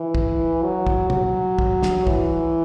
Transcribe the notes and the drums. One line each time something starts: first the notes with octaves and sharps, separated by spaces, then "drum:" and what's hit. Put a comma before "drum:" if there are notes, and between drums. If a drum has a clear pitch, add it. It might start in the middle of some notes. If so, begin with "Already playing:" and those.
Already playing: E3
drum: kick
F#3
drum: kick
F#3, drum: tom
drum: kick
drum: snare
E3, drum: kick